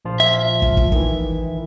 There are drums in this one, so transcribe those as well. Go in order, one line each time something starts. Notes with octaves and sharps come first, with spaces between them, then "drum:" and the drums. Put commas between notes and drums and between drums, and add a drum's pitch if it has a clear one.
A#1 F3 F4
E5
drum: kick
drum: kick
D#3 E3, drum: kick